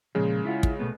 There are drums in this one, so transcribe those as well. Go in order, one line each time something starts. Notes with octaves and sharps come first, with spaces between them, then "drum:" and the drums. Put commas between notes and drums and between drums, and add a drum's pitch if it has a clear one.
A#2 C#3 F3 G#3
E4 F4 F#5
drum: kick
B2 A3 B3